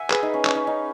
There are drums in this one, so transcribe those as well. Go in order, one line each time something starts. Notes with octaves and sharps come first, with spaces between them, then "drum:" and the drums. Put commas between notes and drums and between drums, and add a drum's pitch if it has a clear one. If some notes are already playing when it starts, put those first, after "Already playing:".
Already playing: E5 F#5 G#5
G#4 B4, drum: clap
D#4
C#4
C#4, drum: clap
D#4
D#4